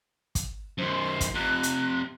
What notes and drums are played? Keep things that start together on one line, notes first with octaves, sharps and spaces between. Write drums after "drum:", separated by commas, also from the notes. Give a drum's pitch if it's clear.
drum: kick, hi-hat
F#2 D#3 C5
drum: kick, hi-hat
F2 C3 F#6
drum: hi-hat